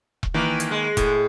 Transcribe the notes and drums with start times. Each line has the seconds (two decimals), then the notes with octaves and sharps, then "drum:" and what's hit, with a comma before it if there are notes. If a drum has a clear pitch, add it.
0.23 drum: kick E1
0.34 D#3 E3 A#3 B4
0.60 drum: hi-hat
0.71 G#3
0.97 A2, drum: kick E1, hi-hat